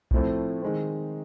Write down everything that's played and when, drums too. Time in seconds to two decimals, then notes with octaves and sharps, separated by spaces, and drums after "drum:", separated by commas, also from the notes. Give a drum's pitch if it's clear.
0.11 A2 F3 A3 C4 E4, drum: kick B1
0.62 D#3 G#3 C4